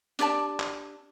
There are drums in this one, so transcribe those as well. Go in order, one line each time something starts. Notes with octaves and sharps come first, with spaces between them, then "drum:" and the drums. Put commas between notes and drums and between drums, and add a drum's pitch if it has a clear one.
D4 G4 D5 A5, drum: hi-hat
drum: clap